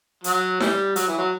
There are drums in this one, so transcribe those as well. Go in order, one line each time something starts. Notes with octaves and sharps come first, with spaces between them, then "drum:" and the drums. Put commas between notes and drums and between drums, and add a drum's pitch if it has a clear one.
F#3, drum: hi-hat
E3 G3, drum: snare D#4
F#3, drum: hi-hat
E3
F#3